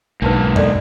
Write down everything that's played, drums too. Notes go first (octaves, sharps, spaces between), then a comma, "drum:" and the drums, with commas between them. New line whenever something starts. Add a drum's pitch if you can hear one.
B1 G#2 A#3 D4 D#4 B4
A4 D5 D#5, drum: tom E2